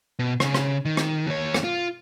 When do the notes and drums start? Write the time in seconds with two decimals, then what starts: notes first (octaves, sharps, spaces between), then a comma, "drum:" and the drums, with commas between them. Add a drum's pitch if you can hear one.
0.19 B2
0.40 C#3, drum: rim click
0.54 drum: rim click
0.85 D#3
0.97 drum: rim click
1.27 D#2 C#5
1.54 drum: rim click
1.64 F4